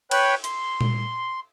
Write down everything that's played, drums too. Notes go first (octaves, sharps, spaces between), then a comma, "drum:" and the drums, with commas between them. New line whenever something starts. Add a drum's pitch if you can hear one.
B4 C#5 G5 B5, drum: cymbal
C6, drum: hi-hat
drum: tom A#2